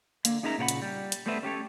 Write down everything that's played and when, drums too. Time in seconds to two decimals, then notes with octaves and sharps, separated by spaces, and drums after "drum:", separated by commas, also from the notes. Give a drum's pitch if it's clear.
0.25 D3 A#3, drum: hi-hat
0.43 C#4 D#4 G#4 A#4 E5 A#5
0.58 A#2 C#3 A#4 F#5 B5
0.68 drum: hi-hat
0.82 G3
1.12 drum: hi-hat
1.26 G3 A3 B3 C4 B4 E5
1.43 C#4 G4 A4 C#5